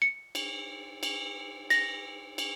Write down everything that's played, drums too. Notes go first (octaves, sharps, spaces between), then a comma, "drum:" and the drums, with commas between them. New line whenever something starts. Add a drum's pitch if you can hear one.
C#7
drum: cymbal
drum: cymbal
A#6, drum: cymbal
drum: cymbal